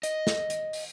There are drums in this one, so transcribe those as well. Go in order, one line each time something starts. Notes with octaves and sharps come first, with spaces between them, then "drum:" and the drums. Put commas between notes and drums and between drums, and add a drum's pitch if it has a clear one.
D#5, drum: hi-hat
drum: snare
drum: hi-hat
drum: open hi-hat